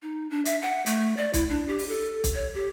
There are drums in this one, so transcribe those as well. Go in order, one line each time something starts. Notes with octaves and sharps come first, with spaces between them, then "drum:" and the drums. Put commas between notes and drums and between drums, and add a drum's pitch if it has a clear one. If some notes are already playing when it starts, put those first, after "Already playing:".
D#4
D4
E5, drum: hi-hat
F#5
A3, drum: hi-hat
D5
E4, drum: kick, hi-hat
D4
G4
drum: open hi-hat
A4
drum: kick, hi-hat
C#5
G4